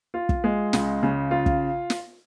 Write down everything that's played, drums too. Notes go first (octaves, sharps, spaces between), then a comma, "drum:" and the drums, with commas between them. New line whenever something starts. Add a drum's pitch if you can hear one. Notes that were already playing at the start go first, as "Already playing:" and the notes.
F4
drum: kick
G#3
C#2, drum: snare
C#3
F4
drum: kick
drum: snare